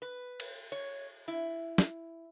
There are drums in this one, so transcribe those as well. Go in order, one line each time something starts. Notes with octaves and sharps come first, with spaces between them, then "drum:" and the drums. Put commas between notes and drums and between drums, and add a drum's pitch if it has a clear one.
B4
drum: cymbal
C#5
E4
drum: snare